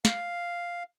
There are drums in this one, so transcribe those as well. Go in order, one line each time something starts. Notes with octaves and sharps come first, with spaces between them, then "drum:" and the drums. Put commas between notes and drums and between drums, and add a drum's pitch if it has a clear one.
F5, drum: snare